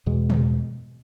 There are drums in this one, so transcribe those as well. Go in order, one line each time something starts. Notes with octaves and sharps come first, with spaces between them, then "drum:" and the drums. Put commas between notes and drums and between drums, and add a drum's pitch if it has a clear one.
E2 B2 G#3
drum: tom